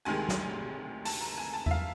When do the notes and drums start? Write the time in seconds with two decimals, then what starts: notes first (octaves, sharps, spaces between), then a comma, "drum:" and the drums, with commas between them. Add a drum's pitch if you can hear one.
0.05 D2 C3 D#3 G#3 G#5
0.29 drum: snare
1.05 A5, drum: open hi-hat
1.21 A#5
1.38 G#5
1.53 A5
1.66 E5, drum: tom E2
1.71 F5